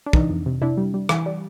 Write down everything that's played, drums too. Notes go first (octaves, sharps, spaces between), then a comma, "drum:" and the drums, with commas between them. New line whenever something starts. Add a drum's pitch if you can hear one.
D4
E3 D#4, drum: kick
F2
C3
C3 D4 E4
G3
G3
E3, drum: rim click
G3